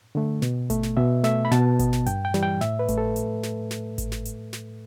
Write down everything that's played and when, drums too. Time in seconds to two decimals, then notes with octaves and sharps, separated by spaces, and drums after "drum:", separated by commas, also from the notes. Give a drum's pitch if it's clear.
0.15 D3 A3
0.42 B2, drum: snare
0.70 A3, drum: kick G#1, hi-hat
0.83 drum: snare
0.97 B2 E5
1.24 A3 E5, drum: snare
1.45 B5
1.52 B2 A5, drum: snare
1.79 B3, drum: kick G#1, hi-hat
1.93 drum: snare
2.06 G2 G5, drum: hi-hat
2.25 G5
2.34 E3 G3, drum: snare
2.43 G5
2.61 A2 E5, drum: snare
2.79 B4
2.88 A3, drum: kick G#1, hi-hat
2.98 A4
3.16 drum: hi-hat
3.43 drum: snare
3.71 drum: snare
3.98 drum: kick G#1, hi-hat
4.12 drum: snare
4.25 drum: hi-hat
4.53 drum: snare